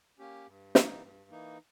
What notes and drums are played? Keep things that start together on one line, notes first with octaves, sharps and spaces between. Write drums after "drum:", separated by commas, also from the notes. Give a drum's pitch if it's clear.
A#3 C#4 G4
G2
E3 A#3 D#4, drum: snare
G2
E3 A#3 D#4